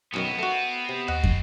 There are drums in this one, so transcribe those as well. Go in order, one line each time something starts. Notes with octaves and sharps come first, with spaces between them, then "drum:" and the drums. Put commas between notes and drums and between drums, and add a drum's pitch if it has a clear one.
B1 F#2 D#3 A#3 B3 F#4
A3 C4 F#4
C3
D#2 C4 F#4 D#5 F#5
drum: kick